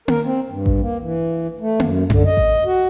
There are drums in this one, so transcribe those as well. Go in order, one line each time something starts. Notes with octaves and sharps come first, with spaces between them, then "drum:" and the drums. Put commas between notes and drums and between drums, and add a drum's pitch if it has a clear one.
A#4, drum: tom A#3
C4
G2
drum: kick A1
A#3
E3
A3
F#2, drum: tom A#3
D3, drum: tom F#2
D#5
drum: kick A1
F#4